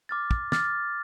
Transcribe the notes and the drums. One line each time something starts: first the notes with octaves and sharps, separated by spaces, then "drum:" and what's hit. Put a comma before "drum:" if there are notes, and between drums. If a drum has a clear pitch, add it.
D6 F6 A6
drum: kick
D6 F6 A6, drum: snare